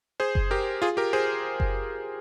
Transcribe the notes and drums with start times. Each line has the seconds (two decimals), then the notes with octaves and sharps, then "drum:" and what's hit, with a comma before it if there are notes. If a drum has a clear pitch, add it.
0.20 G#4 C5
0.35 drum: kick F#1
0.51 G4 A#4
0.82 F4 G#4
0.97 G4 A#4
1.13 G#4 C5
1.60 drum: kick F#1